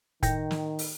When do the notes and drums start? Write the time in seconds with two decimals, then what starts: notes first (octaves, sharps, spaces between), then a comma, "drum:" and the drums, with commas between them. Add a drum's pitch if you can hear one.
0.23 A2 D#3 G5 G6 A#6, drum: kick F1, hi-hat
0.51 drum: snare
0.79 drum: open hi-hat